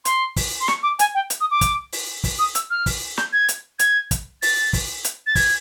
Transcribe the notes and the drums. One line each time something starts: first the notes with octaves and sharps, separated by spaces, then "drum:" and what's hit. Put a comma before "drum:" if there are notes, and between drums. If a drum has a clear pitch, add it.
C6, drum: hi-hat
drum: kick, open hi-hat
C6
C#6, drum: snare
D6
G#5, drum: hi-hat
G5
drum: hi-hat
D#6
D6
drum: kick, hi-hat
drum: open hi-hat
drum: kick, open hi-hat
D#6
E6, drum: hi-hat
F6
drum: kick, open hi-hat
G6, drum: snare
G#6
drum: hi-hat
G#6, drum: hi-hat
drum: kick, hi-hat
A6, drum: open hi-hat
drum: kick, open hi-hat
drum: hi-hat
A6
G#6, drum: kick, open hi-hat